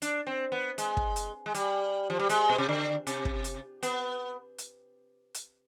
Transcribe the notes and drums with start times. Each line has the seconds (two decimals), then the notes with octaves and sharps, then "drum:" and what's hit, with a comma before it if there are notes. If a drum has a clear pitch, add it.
0.02 D4, drum: hi-hat
0.27 C4
0.52 B3
0.78 G#3, drum: hi-hat
0.97 drum: kick
1.16 drum: hi-hat
1.46 G#3
1.54 G3, drum: hi-hat
2.10 F3
2.19 G3
2.29 G#3, drum: hi-hat
2.50 B2
2.58 C3
2.69 D3
3.07 C3, drum: hi-hat
3.25 drum: kick
3.44 drum: hi-hat
3.83 B3, drum: hi-hat
4.58 drum: hi-hat
5.34 drum: hi-hat